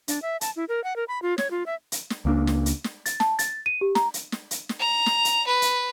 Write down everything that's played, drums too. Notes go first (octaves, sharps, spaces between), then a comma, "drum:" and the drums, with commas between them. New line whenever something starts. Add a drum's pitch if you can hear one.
D4, drum: hi-hat
E5
A5, drum: hi-hat
E4
A#4
F#5
A#4
B5
F4
C#5, drum: snare
F4
E5
drum: hi-hat
drum: snare
C#2 A#3 D4
drum: snare
drum: hi-hat
drum: snare
A6, drum: hi-hat
A5, drum: snare
A6, drum: hi-hat
D#7
G4
A#5, drum: snare
drum: hi-hat
drum: snare
drum: hi-hat
drum: snare
A#5
drum: snare
drum: hi-hat
B4
drum: hi-hat